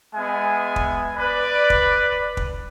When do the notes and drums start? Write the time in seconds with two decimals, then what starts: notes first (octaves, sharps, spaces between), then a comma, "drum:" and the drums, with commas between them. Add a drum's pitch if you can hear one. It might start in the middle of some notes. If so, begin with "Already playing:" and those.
0.15 G#3 B3 E5 G#5
0.76 drum: kick
1.16 B4 D5
1.70 drum: kick
2.37 drum: kick